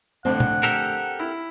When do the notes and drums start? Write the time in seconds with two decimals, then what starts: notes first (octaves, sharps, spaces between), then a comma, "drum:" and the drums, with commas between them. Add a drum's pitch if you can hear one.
0.25 F2 A2 D3 C4 F#5
0.40 drum: tom
0.63 G4 A4 A#4
1.19 E4